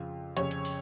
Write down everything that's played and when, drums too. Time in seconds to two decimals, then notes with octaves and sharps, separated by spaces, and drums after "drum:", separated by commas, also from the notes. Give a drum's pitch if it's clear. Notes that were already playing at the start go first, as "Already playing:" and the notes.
Already playing: F2 C#3 F4
0.37 F2 C#3 C#4 C#5, drum: hi-hat
0.51 drum: hi-hat
0.65 drum: open hi-hat